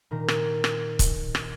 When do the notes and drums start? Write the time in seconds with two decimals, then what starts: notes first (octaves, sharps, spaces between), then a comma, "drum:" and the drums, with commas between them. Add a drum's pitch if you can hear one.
0.11 A#2 D#3 A#5
0.28 drum: rim click
0.64 drum: rim click
0.99 drum: kick, hi-hat
1.35 drum: rim click